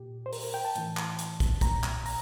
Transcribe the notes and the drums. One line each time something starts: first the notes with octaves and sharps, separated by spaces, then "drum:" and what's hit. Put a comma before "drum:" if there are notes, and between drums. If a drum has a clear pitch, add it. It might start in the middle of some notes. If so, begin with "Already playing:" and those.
Already playing: A#2 G4
C5
A#4, drum: open hi-hat
A#4
G5
A5
A2 E3, drum: hi-hat
drum: clap
drum: hi-hat
drum: kick, hi-hat
A#2 A#5, drum: kick, hi-hat
drum: clap
A#5, drum: open hi-hat